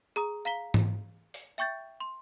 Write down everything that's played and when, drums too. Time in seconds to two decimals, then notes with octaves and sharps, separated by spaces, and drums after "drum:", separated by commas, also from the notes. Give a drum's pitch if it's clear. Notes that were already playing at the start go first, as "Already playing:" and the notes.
0.16 G#4 A#5 D#6
0.45 F5 A#5 B6 G7
0.74 drum: tom G#2
1.34 drum: open hi-hat
1.58 E5 G5 C#6 G6 A6
2.00 C6